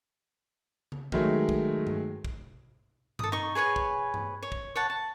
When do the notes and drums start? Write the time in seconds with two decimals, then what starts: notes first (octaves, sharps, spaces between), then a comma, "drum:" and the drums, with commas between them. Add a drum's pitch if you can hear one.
0.92 drum: tom C#3
1.12 D#3 F#3 G#3 A3, drum: kick
1.49 drum: kick
1.87 drum: tom G2
2.25 drum: kick
3.19 A4 D#6, drum: tom G2
3.32 D#4 C#6
3.55 G#4 B4 C#5 G#5
3.76 drum: kick
4.14 drum: tom G2
4.43 C#5
4.52 drum: kick
4.76 C#5 F#5 A5
4.90 A5